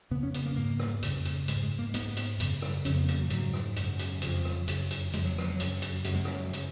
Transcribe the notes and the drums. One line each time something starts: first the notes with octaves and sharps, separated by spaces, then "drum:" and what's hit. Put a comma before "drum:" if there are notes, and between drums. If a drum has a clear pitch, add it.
F2 C#3 B3
C#4
B3, drum: hi-hat
A#3
G#2 A#3
drum: rim click
F2 C#3, drum: hi-hat
drum: hi-hat
G#2 G#3, drum: hi-hat
G#3
A#3
G#2 B3, drum: hi-hat
drum: hi-hat
F#2 C#3, drum: hi-hat
drum: rim click
F2 C#3 C#4, drum: hi-hat
B3
A#3, drum: hi-hat
F#3
G#2 F#3, drum: hi-hat
drum: rim click
F#2 C#3, drum: hi-hat
drum: hi-hat
F2 C#3 F3, drum: hi-hat
drum: rim click
F#2 C#3, drum: hi-hat
drum: hi-hat
F2 C#3 G#3, drum: hi-hat
F#3
F3, drum: rim click
F#3
F#2 C#3, drum: hi-hat
drum: hi-hat
F#2 C#3 F#3, drum: hi-hat
G#3
F#3, drum: rim click
C#3, drum: hi-hat